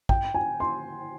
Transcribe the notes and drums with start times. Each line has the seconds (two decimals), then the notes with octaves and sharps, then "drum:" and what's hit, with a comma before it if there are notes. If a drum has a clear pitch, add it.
0.09 G5, drum: kick
0.34 G#5
0.60 C6